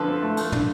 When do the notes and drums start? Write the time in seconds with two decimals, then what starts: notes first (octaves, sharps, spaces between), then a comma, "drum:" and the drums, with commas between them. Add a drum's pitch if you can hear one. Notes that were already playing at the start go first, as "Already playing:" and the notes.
Already playing: D3 F3 A4 B4
0.08 C4
0.22 A3
0.37 F3, drum: cymbal
0.52 D3, drum: tom